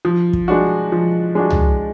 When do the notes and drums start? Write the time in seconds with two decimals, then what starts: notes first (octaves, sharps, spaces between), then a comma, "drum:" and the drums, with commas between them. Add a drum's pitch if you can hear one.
0.05 F3
0.33 drum: kick
0.48 G#3 D4 F#4
0.92 F3
1.35 G#3 D4 F#4
1.50 drum: tom